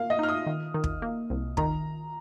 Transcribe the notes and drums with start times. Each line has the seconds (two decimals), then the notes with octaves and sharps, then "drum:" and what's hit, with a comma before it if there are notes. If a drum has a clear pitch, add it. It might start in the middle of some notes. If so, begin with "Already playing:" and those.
Already playing: A#3 F5
0.10 D#5
0.19 D#4 F6
0.29 D#6
0.47 D#3
0.74 D#3
0.84 drum: kick
1.02 A#3
1.30 C2
1.57 D#3 A#5, drum: kick